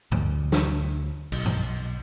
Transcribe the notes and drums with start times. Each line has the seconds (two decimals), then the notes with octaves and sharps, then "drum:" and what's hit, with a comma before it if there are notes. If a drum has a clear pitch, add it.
0.12 D2, drum: tom G2
0.52 drum: snare
1.32 B1, drum: cymbal
1.45 drum: tom G2